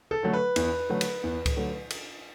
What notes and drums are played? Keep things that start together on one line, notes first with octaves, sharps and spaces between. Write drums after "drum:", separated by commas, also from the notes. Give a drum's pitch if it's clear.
A4
D3 F#3 A3
B4
E2, drum: cymbal
D3 F#3 A3
drum: cymbal
E2
drum: kick C#2, cymbal
D3 F#3 A3
drum: cymbal